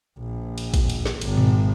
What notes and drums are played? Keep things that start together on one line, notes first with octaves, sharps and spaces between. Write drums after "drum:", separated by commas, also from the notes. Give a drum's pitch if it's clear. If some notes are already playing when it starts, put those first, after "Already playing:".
A#1
drum: cymbal
drum: kick, cymbal
drum: cymbal
drum: snare
G#1, drum: cymbal
drum: tom A#2